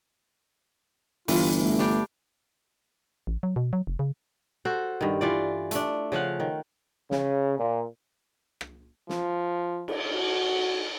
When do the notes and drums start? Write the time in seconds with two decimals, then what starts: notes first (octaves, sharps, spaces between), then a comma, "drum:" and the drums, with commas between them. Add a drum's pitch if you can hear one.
1.28 G1 E3 F4, drum: open hi-hat
1.55 A3
1.79 G3 D4 G5
3.27 A1
3.43 F#3
3.56 B2
3.73 F#3
3.87 F1
3.99 C#3
4.65 F#4 A4 C5
5.01 G2 D#3
5.21 E3 F4 D5
5.71 A3 D4, drum: hi-hat
6.12 C#3 F3 F5 F#5
6.40 D#3
7.11 C#3, drum: snare
7.59 A#2
8.61 drum: rim click
9.09 F3, drum: snare
9.88 drum: cymbal
10.14 F#4